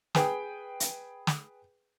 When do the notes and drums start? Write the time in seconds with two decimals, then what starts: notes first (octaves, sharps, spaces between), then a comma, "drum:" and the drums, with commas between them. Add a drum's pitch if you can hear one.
0.15 G#4 B4 G5, drum: snare
0.80 drum: hi-hat
1.27 drum: snare